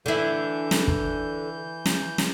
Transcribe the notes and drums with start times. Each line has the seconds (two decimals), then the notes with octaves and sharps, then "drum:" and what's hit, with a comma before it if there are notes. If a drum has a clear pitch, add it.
0.06 D3 E3 E4 G6
0.71 drum: snare
0.87 drum: kick
1.86 drum: snare
2.18 drum: snare